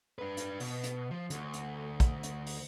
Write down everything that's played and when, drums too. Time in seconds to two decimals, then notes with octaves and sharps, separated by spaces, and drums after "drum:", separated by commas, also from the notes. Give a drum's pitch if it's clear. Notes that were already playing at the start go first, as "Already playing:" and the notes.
0.19 D4 B4
0.37 drum: hi-hat
0.60 B2, drum: open hi-hat
0.84 drum: hi-hat
1.11 F3
1.30 D2, drum: hi-hat
1.53 drum: hi-hat
2.00 drum: kick, hi-hat
2.23 drum: hi-hat
2.47 drum: open hi-hat